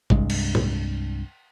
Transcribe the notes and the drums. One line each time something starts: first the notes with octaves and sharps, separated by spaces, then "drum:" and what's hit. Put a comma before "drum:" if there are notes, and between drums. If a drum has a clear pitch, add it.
C2 G2 G#3, drum: kick G#1
drum: cymbal
drum: tom A2